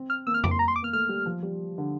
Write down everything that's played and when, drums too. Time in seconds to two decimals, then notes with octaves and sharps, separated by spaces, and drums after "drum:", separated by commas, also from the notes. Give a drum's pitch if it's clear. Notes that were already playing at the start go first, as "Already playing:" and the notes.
Already playing: C4
0.10 F6
0.27 A#3 E6
0.34 F6
0.44 D6, drum: tom F2
0.51 C6
0.59 A#5
0.68 C6
0.76 D6
0.83 A#3 F6
0.93 A3 F6
1.09 G3
1.26 F3
1.43 G3
1.78 D3